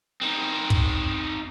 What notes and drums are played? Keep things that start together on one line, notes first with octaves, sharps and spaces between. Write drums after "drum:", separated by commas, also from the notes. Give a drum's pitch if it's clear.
C4 D#4
drum: kick